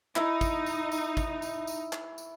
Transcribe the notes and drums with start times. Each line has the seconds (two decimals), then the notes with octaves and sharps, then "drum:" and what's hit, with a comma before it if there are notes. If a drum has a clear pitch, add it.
0.16 D#4 E4, drum: clap
0.41 drum: kick, tambourine
0.66 drum: tambourine
0.92 drum: tambourine
1.17 drum: kick, tambourine
1.42 drum: tambourine
1.67 drum: tambourine
1.93 drum: clap
2.18 drum: tambourine